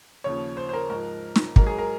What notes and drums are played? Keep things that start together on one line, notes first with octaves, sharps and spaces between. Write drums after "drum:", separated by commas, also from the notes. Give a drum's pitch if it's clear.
D#2 C#3 F3 C#5
C5
C5
A#4
G#2 F3 A#4
drum: snare
G#2 F#3 A#4, drum: kick
G#4
A#4